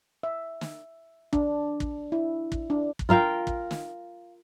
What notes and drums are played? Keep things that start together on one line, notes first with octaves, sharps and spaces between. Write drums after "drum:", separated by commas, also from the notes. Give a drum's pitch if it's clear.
E5
drum: snare
D4, drum: kick
drum: kick
E4
drum: kick
D4
drum: kick
F4 A#4 F5 G5
drum: kick
drum: snare